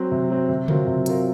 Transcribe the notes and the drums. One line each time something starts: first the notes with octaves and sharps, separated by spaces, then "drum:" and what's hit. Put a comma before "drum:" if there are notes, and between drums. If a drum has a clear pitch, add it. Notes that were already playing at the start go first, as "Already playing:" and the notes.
Already playing: F#3 C4
C3
F#3 C4
C3
F#3 C4 F4 A#4, drum: tom C#3
C3
F#3 C4 F4 A#4, drum: hi-hat